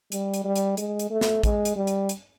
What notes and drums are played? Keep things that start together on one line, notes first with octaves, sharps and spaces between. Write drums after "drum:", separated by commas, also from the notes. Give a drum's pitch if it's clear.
G3, drum: hi-hat
drum: hi-hat
G3
drum: hi-hat
G#3, drum: hi-hat
drum: hi-hat
A3
drum: snare
G#3, drum: kick, hi-hat
drum: hi-hat
G3
drum: hi-hat
drum: hi-hat